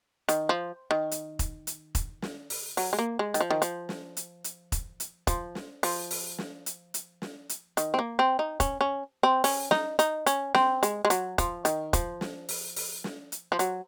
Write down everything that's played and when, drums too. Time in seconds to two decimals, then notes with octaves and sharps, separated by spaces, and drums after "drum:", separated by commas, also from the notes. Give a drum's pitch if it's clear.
0.29 D#3, drum: hi-hat
0.49 F3
0.91 D#3
1.11 drum: hi-hat
1.39 drum: kick E1, hi-hat
1.67 drum: hi-hat
1.95 drum: kick E1, hi-hat
2.22 drum: snare
2.50 drum: open hi-hat
2.77 F#3, drum: open hi-hat
2.93 G#3
2.99 A#3
3.19 G#3
3.34 D#3, drum: hi-hat
3.41 F3
3.51 D#3
3.62 F3, drum: hi-hat
3.89 drum: snare
4.17 drum: hi-hat
4.44 drum: hi-hat
4.72 drum: kick E1, hi-hat
5.00 drum: hi-hat
5.27 F3, drum: kick E1, hi-hat
5.55 drum: snare
5.83 F3, drum: open hi-hat
6.11 drum: open hi-hat
6.38 drum: snare
6.66 drum: hi-hat
6.94 drum: hi-hat
7.22 drum: snare
7.49 drum: hi-hat
7.77 D#3, drum: hi-hat
7.94 C4
7.99 A#3
8.19 C4
8.39 D#4
8.60 C#4, drum: kick E1, hi-hat
8.81 C#4
9.23 C4
9.44 C#4, drum: open hi-hat
9.71 D#4, drum: snare
9.99 D#4, drum: hi-hat
10.26 C#4, drum: hi-hat
10.55 C4, drum: snare
10.83 G#3, drum: hi-hat
11.05 G#3
11.10 F#3, drum: hi-hat
11.38 F3, drum: kick E1, hi-hat
11.65 D#3, drum: hi-hat
11.93 F3, drum: kick E1, hi-hat
12.21 drum: snare
12.49 drum: open hi-hat
12.76 drum: open hi-hat
13.04 drum: snare
13.32 drum: hi-hat
13.52 F3
13.59 F#3, drum: hi-hat